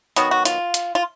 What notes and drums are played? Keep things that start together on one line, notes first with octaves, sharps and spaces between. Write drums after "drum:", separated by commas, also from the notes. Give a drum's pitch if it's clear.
D#3 F#3 B3 F#4, drum: hi-hat
F#4
F4, drum: hi-hat
drum: hi-hat
F4